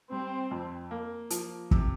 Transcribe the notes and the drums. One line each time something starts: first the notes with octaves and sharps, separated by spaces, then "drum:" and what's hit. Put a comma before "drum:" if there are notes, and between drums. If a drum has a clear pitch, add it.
G3 C4
F2
A#3
F3, drum: hi-hat
C3, drum: kick